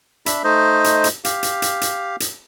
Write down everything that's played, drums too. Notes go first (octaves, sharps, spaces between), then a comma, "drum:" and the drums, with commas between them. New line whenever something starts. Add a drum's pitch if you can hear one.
D4 E5 B5, drum: hi-hat
A3 D#4 C5 D#5
drum: hi-hat
drum: hi-hat
G4 F5, drum: hi-hat
drum: hi-hat
drum: hi-hat
drum: hi-hat
drum: hi-hat